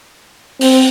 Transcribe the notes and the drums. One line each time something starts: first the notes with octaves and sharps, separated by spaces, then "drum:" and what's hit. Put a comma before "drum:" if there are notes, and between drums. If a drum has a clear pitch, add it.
C4, drum: open hi-hat